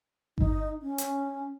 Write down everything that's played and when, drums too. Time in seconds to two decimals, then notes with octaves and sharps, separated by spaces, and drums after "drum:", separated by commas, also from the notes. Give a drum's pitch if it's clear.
0.38 D#4, drum: kick G1
0.81 C#4
0.98 drum: hi-hat